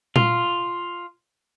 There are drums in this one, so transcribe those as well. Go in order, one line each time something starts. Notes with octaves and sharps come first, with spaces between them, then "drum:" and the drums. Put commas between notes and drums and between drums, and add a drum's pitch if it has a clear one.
F4, drum: tom A#2